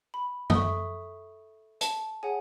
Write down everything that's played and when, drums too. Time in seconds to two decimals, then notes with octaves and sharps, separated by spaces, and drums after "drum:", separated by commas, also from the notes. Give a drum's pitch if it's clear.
0.14 B5
0.50 D#6, drum: tom
0.55 A4 E5 C#6
1.81 A5, drum: hi-hat
2.23 G#4 C#5 F#5 G#5